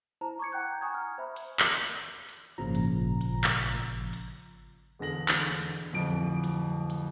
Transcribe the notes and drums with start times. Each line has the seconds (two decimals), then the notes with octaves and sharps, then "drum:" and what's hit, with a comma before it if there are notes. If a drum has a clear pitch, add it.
0.21 E4 C5 A5 A#5
0.39 C#6 D6 G#6 C#7
0.52 F#5 G5 A#5 F#6 G6
0.81 G#5 A#5 C#6 D#6 G#6
0.94 F6
1.18 C5 E5 B5
1.36 drum: hi-hat
1.59 drum: clap
1.83 drum: open hi-hat
2.29 drum: hi-hat
2.58 G#1 A#2 C#3 F3 A#5
2.75 drum: hi-hat
3.21 drum: hi-hat
3.44 drum: clap
3.67 drum: open hi-hat
4.13 drum: hi-hat
4.99 E1 D3 G#4 A#6 F#7
5.28 drum: clap
5.51 drum: open hi-hat
5.93 D1 F2 D7
6.44 drum: hi-hat
6.90 drum: hi-hat